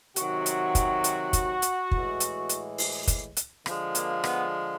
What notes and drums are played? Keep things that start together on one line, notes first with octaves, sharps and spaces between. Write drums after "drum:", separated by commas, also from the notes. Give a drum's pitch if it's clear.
C3 D#3 F#3 F#4, drum: hi-hat
drum: hi-hat
drum: kick, hi-hat
drum: hi-hat
drum: kick, hi-hat
drum: hi-hat
A2 E3 G#3, drum: kick
drum: hi-hat
drum: hi-hat
drum: open hi-hat
drum: kick, hi-hat
drum: hi-hat
D3 F3 G#3, drum: rim click
A#3, drum: hi-hat
B3, drum: rim click